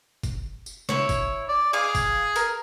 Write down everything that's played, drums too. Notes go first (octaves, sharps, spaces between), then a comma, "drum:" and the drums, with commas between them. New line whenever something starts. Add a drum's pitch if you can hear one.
drum: kick F#1, tambourine
drum: tambourine
E4 C#5, drum: snare
drum: kick F#1, tambourine
D5
G#4 F5 D6
drum: kick F#1, tambourine
A#4, drum: tambourine